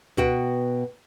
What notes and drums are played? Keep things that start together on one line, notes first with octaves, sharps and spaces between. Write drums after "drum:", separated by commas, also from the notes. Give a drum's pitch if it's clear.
B2 F#4 G5, drum: kick C#2